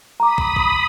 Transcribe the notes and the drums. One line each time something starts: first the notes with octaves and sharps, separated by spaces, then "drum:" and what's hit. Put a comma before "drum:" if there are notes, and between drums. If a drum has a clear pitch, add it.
A#5 B5 D6 D#6
drum: kick
drum: kick